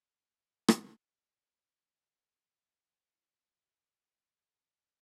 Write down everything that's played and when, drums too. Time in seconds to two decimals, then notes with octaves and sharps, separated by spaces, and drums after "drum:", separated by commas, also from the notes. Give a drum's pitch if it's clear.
0.10 A4
0.27 F5
0.31 E5
0.68 drum: rim click
1.27 D5
1.43 C5
1.93 D5
2.11 C5
2.27 A#4
2.44 E5
2.61 E5
2.94 C5
3.10 E4
3.27 F4
3.44 F4
3.61 G4
3.77 A#4
3.94 G5
4.06 G5
4.16 A5
4.28 A#5
4.44 A#5
4.55 C6
4.61 A#5
4.77 A5